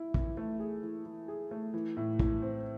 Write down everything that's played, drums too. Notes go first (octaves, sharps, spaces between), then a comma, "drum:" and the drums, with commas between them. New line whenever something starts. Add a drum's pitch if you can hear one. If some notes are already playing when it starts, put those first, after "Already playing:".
Already playing: E4
E3, drum: kick
A3
G#4
E3
E3
G#4
A3
E3
A2
E3, drum: kick
C4